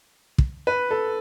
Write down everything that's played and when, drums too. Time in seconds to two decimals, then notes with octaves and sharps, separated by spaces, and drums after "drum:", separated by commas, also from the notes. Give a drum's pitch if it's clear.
0.38 drum: kick
0.67 B4
0.91 A4